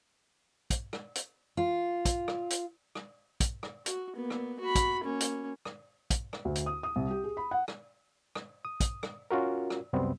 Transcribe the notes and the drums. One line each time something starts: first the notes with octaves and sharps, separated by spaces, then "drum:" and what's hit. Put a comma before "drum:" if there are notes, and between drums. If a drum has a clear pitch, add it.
drum: kick, hi-hat
drum: rim click
drum: hi-hat
F4
drum: kick, hi-hat
drum: rim click
drum: hi-hat
drum: rim click
drum: kick, hi-hat
drum: rim click
F#4, drum: hi-hat
A#3 B3
drum: rim click
F#4 B5
drum: kick, hi-hat
A#3 C#4
drum: hi-hat
drum: rim click
drum: kick, hi-hat
drum: rim click
D2
drum: hi-hat
D#6
D#6
C2
G4
G#4
B5
F#5
drum: rim click
drum: rim click
D#6
drum: kick, hi-hat
drum: rim click
C#4 F4 F#4 A#4
drum: rim click
C2 F#2 C3 G3 B3 C4